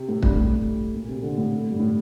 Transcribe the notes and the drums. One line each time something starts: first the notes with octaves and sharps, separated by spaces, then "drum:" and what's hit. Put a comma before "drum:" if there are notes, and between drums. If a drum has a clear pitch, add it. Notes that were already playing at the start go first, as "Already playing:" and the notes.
Already playing: C3
A2
G2, drum: kick
A2
A#2
C3
D3
A2
G2
A2